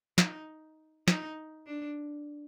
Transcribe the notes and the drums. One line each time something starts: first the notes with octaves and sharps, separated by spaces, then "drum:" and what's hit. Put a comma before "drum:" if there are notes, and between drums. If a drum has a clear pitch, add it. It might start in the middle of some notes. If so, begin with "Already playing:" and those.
D#4, drum: snare
D#4, drum: snare
D4